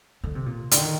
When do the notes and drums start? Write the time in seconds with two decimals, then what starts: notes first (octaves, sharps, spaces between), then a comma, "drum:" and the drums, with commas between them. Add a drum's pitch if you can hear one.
0.24 D3
0.35 C3
0.46 A#2
0.71 D3, drum: hi-hat
0.77 D#3